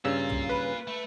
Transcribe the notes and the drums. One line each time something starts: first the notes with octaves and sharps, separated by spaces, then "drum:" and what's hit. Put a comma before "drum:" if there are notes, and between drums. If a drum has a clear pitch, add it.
G2 C#3 A#3 F4 E6
drum: tom
B4
A3